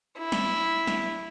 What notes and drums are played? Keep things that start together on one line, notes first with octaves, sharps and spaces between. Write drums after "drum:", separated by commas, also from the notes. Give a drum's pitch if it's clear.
E4
drum: snare
drum: snare